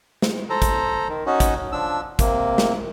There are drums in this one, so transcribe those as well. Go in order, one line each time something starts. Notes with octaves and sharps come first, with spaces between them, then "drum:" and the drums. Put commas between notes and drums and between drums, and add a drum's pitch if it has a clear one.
drum: snare
A4 C5 A#5
drum: kick, hi-hat
D#3
C#4 D#4 F#4
drum: kick, hi-hat
F3 D4 E6
C3 A#3, drum: kick, hi-hat
drum: snare